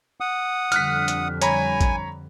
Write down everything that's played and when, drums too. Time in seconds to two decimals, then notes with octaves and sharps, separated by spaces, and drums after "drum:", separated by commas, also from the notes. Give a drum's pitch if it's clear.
0.20 F#5 D#6
0.72 F2 D3 G3 F6 F#6 B6, drum: hi-hat
1.08 drum: hi-hat
1.42 C#5 G#5 A#5 B5, drum: hi-hat
1.81 drum: kick A1, hi-hat